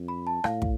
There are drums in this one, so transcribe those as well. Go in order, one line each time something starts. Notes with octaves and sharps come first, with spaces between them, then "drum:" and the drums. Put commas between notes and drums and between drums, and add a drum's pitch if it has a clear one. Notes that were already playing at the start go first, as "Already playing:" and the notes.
Already playing: F2
B5
A5
A2 F5, drum: rim click
drum: kick